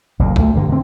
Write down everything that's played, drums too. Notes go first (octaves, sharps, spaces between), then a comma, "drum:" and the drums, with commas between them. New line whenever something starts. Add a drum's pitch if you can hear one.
F#1 D2 A#2
D2 A3, drum: kick
G2 D3
D3 C4